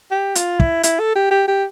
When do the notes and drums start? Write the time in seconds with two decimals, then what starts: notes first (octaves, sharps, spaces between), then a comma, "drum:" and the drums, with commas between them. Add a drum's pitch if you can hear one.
0.11 G4
0.35 F4, drum: hi-hat
0.60 E4, drum: kick
0.83 E4, drum: hi-hat
1.00 A4
1.15 G4
1.31 G4
1.48 G4